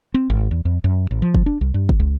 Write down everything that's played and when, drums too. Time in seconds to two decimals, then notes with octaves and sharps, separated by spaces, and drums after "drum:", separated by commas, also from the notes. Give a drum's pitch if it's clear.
0.14 C4
0.30 G#1
0.51 E2
0.65 F2
0.84 F#2
1.11 A1
1.22 F3
1.34 drum: kick
1.46 D4
1.61 C2
1.74 G2
1.89 drum: kick
2.00 C#2